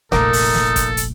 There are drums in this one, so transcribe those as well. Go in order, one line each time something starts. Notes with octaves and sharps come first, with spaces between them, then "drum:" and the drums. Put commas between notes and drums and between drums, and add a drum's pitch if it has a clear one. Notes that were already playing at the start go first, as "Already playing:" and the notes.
F1 A#1 A#3 D#4 A4 A#4, drum: snare
drum: open hi-hat
drum: snare
drum: kick, hi-hat
drum: hi-hat